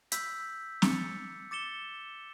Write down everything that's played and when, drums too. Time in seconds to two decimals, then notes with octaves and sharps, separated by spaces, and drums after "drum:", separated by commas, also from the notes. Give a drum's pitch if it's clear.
0.12 B5 E6 G6 B6, drum: hi-hat
0.82 D6 A6 C#7, drum: snare
1.51 D6 A6 C#7 E7 G7